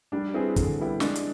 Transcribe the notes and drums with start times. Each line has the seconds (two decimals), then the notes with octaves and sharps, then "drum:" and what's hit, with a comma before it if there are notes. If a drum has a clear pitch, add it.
0.12 G3 D4
0.34 C4 E4 G#4 B4
0.56 D3, drum: kick, hi-hat
0.79 G3 B3 E4 G4
1.00 G#3 D4, drum: snare
1.16 drum: hi-hat